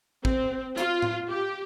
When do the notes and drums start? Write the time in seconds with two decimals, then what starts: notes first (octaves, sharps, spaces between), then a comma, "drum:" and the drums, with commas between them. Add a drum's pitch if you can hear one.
0.25 C4, drum: kick
0.78 F4, drum: hi-hat
1.02 drum: tom A2
1.30 G4